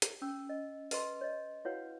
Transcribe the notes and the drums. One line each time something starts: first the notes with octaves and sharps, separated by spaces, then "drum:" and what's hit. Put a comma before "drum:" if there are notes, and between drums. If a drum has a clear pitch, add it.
drum: hi-hat
C#4 E6
D#5
B4 D#5 A#5 C6, drum: open hi-hat
C#5 D#5
E4 F#4 B4 C#5 F5 F#5